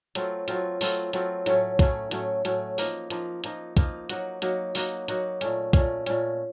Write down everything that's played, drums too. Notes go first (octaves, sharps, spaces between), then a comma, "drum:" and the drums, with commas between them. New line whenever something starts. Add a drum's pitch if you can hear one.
F#3 A3 C4 F4, drum: hi-hat
F#3 A3 C4 F4, drum: hi-hat
F#3 A3 C4 F4, drum: open hi-hat
F#3 A3 C4 F4, drum: hi-hat
A2 F#3 A3 C#4, drum: hi-hat
A2 F#3 A3 C#4, drum: kick B1, hi-hat
A2 F#3 A3 C#4, drum: hi-hat
A2 F#3 A3 C#4, drum: hi-hat
F3 A#3 D#4, drum: open hi-hat
F3 A#3 D#4, drum: hi-hat
F3 A#3 D#4, drum: hi-hat
F3 A#3 D#4, drum: kick B1, hi-hat
F#3 A#3 D#4 F#4, drum: hi-hat
F#3 A#3 D#4 F#4, drum: hi-hat
F#3 A#3 D#4 F#4, drum: open hi-hat
F#3 A#3 D#4 F#4, drum: hi-hat
A#2 A3 C#4, drum: hi-hat
A#2 A3 C#4, drum: kick B1, hi-hat
A#2 A3 C#4, drum: hi-hat